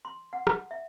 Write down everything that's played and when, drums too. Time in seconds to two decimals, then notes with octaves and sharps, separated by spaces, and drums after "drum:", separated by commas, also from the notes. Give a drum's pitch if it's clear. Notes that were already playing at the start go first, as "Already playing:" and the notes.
0.05 C6
0.33 F#5
0.47 drum: rim click
0.71 E5